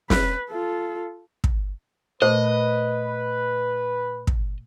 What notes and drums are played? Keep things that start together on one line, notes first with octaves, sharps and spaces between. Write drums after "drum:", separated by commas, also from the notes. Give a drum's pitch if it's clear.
B4, drum: snare
F4 A4
drum: kick
A#2 A3 B4 C5 D#5
drum: kick